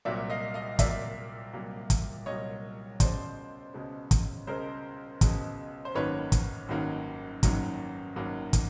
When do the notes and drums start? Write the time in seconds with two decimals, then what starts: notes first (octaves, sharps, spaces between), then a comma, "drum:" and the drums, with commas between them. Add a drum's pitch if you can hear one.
0.05 C2 A#2 F#3 A#3 D5 E5
0.30 D#5 F5
0.54 D#5 F5
0.79 C2 A#2 F#3 A#3 D5 E5, drum: kick, hi-hat
1.53 C2 A#2 F#3 A#3
1.90 drum: kick, hi-hat
2.26 C2 A#2 F#3 A#3 C#5 D#5
3.00 C#2 B2 G#3 C5 D5, drum: kick, hi-hat
3.74 C#2 B2 G#3
4.11 drum: kick, hi-hat
4.47 C#2 B2 G#3 A#4 C5
5.21 C#2 B2 G#3, drum: kick, hi-hat
5.85 C5
5.95 G#1 F#2 D#3 F#3 A#3 B4 C#5
6.32 drum: kick, hi-hat
6.69 G#1 F#2 D#3 F#3 A#3
7.43 G#1 F#2 D#3 F#3 A#3, drum: kick, hi-hat
8.16 G#1 F#2 D#3 F#3 A#3
8.53 drum: kick, hi-hat